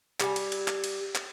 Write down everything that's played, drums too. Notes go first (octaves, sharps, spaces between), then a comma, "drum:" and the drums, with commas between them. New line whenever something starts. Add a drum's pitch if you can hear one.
G3 G#5, drum: clap
drum: cymbal
drum: cymbal
drum: clap
drum: cymbal
drum: clap